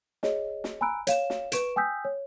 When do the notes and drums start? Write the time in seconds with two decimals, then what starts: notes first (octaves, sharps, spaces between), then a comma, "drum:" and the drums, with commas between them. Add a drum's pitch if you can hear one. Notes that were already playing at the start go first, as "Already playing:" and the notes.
0.23 G#4 C#5 D#5, drum: snare
0.64 drum: snare
0.81 G#5 A#5 B5 E6 F#6 D7
1.07 C#5 F5 E7, drum: hi-hat
1.30 drum: snare
1.52 B4 C#6 D7 E7, drum: hi-hat
1.76 G5 G#5 D#6 E6 G6 B6
2.05 C#5